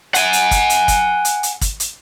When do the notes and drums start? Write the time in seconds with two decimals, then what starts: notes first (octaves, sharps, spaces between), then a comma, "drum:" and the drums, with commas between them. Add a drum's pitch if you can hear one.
0.15 F#5 G#5, drum: hi-hat
0.33 drum: hi-hat
0.51 drum: kick, hi-hat
0.70 drum: hi-hat
0.88 drum: kick, hi-hat
1.25 drum: hi-hat
1.43 drum: hi-hat
1.61 drum: kick, hi-hat
1.80 drum: hi-hat